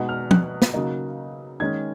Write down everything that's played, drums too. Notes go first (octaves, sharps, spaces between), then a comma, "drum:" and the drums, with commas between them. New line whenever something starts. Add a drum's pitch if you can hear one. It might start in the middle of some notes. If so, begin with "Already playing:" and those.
Already playing: B2 G#3 B3 D#4 F#5
F6
F#6, drum: tom F3
drum: snare
C#3 F#3 A#3 D#4
D#3 G#3 C#4 G#6